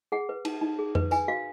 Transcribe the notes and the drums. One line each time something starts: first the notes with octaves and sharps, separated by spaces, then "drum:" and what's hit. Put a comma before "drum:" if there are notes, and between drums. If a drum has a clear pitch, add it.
G#4 F#5
B4
D#4, drum: cymbal
D#4
G#4
B4, drum: tom F2
B4 G#5, drum: tambourine
F#4 F5